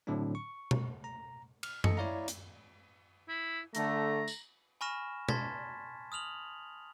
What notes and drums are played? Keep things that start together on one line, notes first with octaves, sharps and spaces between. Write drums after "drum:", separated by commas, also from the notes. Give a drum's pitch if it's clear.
A2 D3 F#3 C4 D4
C#6
drum: tom B2
A#5
F6, drum: cymbal
A4 D#5 C#7, drum: tom F#2
E4 C#5 D5 F5 A#5
drum: hi-hat
E4
D3 A3 A#5, drum: hi-hat
drum: tambourine
G#5 B5 C#6 F6 A#6 E7
A5 C6 G#6 A6 B6, drum: tom B2
D#6 F6 F7 F#7